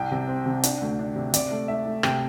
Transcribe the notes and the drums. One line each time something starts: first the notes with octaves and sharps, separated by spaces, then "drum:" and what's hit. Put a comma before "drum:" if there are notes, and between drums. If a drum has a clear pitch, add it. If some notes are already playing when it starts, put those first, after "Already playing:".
Already playing: C2 G5
C3
C4
C3
D4, drum: hi-hat
D2
D4
C3
C3 D5, drum: hi-hat
A3
A3 E5
A3
C3 G5, drum: rim click